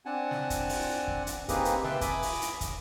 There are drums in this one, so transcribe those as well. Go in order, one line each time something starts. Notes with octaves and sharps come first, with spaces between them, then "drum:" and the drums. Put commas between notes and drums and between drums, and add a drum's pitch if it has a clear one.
C4 D4 F#5 G#5 A5
drum: snare
drum: kick, hi-hat
drum: open hi-hat
drum: kick
drum: hi-hat
A#3 C4 D#4 G4 G#4 B4, drum: kick, hi-hat
drum: hi-hat
B4 E5 G5 A5 C6, drum: snare
G#5 B5 D6 D#6, drum: kick, hi-hat
drum: open hi-hat
drum: hi-hat
drum: kick, hi-hat